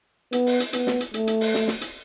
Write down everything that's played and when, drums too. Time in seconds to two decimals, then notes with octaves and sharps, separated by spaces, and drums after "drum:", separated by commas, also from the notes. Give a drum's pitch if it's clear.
0.32 B3, drum: hi-hat
0.47 drum: open hi-hat
0.60 drum: hi-hat
0.73 B3, drum: hi-hat
0.87 drum: snare
1.00 drum: hi-hat
1.14 A3, drum: hi-hat
1.27 drum: hi-hat
1.41 drum: open hi-hat
1.54 drum: snare
1.68 drum: snare
1.81 drum: hi-hat